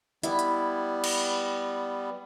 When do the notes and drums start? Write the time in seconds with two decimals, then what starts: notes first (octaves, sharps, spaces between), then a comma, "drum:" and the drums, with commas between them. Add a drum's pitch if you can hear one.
0.23 G3 B3 E4, drum: hi-hat
0.39 drum: hi-hat
1.04 drum: cymbal